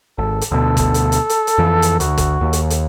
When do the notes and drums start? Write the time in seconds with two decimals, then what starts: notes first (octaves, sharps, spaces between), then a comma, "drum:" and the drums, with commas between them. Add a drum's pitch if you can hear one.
0.18 G#1 A4
0.41 drum: hi-hat
0.52 D2 B2 A4
0.77 drum: kick, hi-hat
0.94 drum: hi-hat
1.12 drum: hi-hat
1.29 drum: hi-hat
1.47 drum: hi-hat
1.58 F2 E3
1.82 drum: hi-hat
2.00 D2 F#4, drum: hi-hat
2.18 drum: kick, hi-hat
2.41 D#2
2.53 drum: hi-hat
2.70 drum: hi-hat